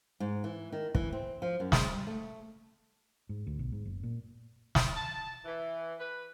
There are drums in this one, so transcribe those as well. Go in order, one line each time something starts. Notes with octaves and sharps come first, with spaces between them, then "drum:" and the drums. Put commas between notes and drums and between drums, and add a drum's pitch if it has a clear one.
G#2
E3
D#3
E3, drum: kick
C4
F3
F#2
G#3, drum: snare
G3
A3
G#2
D2
B1
G#2
F#1
A#2
drum: snare
A5
E3
B4